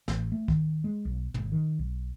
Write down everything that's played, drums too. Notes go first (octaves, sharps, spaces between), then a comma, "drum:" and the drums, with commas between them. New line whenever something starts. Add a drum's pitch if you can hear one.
A1, drum: snare
A3
D#3, drum: kick
G#3
B1
G#1, drum: tom
D#3
B1